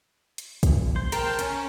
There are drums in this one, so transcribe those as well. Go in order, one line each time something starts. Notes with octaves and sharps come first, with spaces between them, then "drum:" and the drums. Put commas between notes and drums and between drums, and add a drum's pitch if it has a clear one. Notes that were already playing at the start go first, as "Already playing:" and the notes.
drum: hi-hat
drum: kick, hi-hat
C5
A#4 G5 A5, drum: hi-hat
C#4, drum: hi-hat